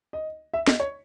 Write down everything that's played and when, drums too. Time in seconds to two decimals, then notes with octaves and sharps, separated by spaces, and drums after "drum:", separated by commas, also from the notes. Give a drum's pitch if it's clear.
0.13 D#5
0.54 E5
0.68 D#5, drum: snare
0.80 C#5